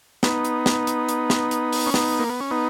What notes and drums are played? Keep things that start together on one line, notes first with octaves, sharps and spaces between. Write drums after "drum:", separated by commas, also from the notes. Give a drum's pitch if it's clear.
B3 D#4, drum: snare
drum: hi-hat
drum: snare
drum: hi-hat
drum: hi-hat
drum: snare
drum: hi-hat
drum: open hi-hat
C#4
B3 D#4, drum: snare
A#3
B3
C#4
B3 D#4